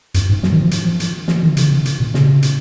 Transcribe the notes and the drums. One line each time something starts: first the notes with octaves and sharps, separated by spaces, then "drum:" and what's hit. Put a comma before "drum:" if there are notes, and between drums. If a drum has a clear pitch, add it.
F#2, drum: hi-hat
G#2
F#3, drum: snare
D#3
F3
drum: hi-hat
drum: hi-hat
F3, drum: snare
D#3
C#3, drum: hi-hat
C#3
drum: hi-hat
A#2
C#3, drum: snare
drum: hi-hat